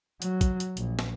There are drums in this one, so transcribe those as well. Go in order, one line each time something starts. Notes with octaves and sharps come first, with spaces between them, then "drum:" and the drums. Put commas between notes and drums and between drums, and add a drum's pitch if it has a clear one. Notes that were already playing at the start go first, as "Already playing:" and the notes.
F#3, drum: hi-hat
drum: kick, hi-hat
drum: hi-hat
A#1, drum: hi-hat
drum: snare